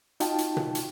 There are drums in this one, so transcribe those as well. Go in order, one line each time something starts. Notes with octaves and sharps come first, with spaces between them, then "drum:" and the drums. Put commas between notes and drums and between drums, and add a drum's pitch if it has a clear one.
D#4 F4 F#4 G5 A5, drum: hi-hat
drum: hi-hat
drum: tom B2
drum: hi-hat